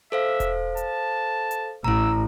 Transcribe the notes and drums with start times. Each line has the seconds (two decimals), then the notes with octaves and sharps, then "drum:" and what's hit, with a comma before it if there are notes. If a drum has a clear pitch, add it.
0.12 A4 C5 E5 F5
0.40 drum: kick E1, hi-hat
0.77 A5, drum: hi-hat
1.51 drum: hi-hat
1.84 A1 E4 A#5 E6